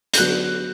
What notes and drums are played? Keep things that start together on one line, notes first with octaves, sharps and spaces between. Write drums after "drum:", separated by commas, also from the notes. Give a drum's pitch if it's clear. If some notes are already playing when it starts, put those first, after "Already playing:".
G6, drum: hi-hat
D3 F#3 B3 D4 F#6